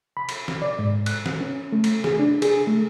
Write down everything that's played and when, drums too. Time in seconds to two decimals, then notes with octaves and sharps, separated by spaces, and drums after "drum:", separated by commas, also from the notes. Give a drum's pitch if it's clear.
0.17 B5
0.29 drum: cymbal
0.48 drum: snare
0.62 D5
0.79 G#2
1.06 F#6, drum: cymbal
1.26 drum: snare
1.41 C#4
1.72 A3
1.84 drum: cymbal
2.04 G#4, drum: snare
2.19 D4
2.42 G#4, drum: cymbal
2.67 A3